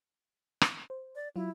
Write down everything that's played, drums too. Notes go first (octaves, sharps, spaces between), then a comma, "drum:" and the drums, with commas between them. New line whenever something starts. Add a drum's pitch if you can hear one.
drum: rim click
C5
D5
F#3 E4 F4